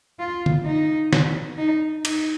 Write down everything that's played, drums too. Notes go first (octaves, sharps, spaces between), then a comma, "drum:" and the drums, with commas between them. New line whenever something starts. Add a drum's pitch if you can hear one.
F4
drum: tom D3
D#4
drum: snare
D#4
D#4, drum: cymbal